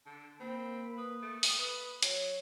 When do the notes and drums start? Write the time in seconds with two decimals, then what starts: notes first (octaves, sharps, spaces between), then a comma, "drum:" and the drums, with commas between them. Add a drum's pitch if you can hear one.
0.06 D3 A5
0.40 A#3 C4 B5
0.98 B4 D#6
1.22 A3
1.43 drum: open hi-hat
1.59 B4
2.03 F#3 C#5, drum: hi-hat